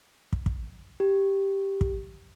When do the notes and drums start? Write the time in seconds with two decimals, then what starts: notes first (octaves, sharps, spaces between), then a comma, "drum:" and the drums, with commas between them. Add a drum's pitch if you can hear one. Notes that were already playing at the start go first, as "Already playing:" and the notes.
0.33 drum: kick
0.46 drum: kick
1.00 G4
1.81 drum: kick